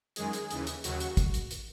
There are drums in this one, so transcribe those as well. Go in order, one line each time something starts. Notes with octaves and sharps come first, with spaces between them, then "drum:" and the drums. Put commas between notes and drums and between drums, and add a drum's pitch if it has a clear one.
F#2 D#3 G#3 G#4, drum: hi-hat
drum: hi-hat
D#2 C#3 E3, drum: hi-hat
drum: hi-hat
D#2 C#3 F#3 F#4, drum: hi-hat
drum: hi-hat
drum: kick, hi-hat
drum: hi-hat
drum: hi-hat